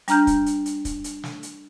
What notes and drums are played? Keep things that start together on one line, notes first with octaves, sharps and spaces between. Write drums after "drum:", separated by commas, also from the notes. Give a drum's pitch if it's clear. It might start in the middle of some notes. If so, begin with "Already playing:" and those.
G3 D4 A#5 F6 G6, drum: hi-hat
drum: kick, hi-hat
drum: hi-hat
drum: hi-hat
drum: kick, hi-hat
drum: hi-hat
drum: snare
drum: hi-hat